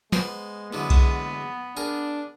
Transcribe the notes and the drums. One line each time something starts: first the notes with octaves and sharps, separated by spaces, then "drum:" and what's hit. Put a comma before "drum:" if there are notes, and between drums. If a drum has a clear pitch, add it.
G#3 B3 C5, drum: snare
E2 D3 F#3 B3
drum: kick B1, cymbal
D4 G#4 A#4